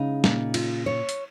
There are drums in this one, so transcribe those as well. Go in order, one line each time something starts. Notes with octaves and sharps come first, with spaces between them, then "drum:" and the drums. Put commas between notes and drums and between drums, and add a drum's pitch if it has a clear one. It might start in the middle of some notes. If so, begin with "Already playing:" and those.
Already playing: C#3 G#3 D#4
A#2, drum: snare
F4, drum: cymbal
C#5
drum: hi-hat